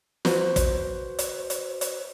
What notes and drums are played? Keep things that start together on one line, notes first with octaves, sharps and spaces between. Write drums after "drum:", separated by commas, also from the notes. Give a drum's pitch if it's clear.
F#4 B4 C5, drum: snare
drum: kick, hi-hat
drum: hi-hat
drum: hi-hat
drum: hi-hat